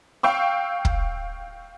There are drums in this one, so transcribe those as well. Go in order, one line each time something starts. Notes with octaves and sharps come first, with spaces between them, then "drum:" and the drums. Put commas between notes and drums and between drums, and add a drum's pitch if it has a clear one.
F5 G5 C#6 E6
drum: kick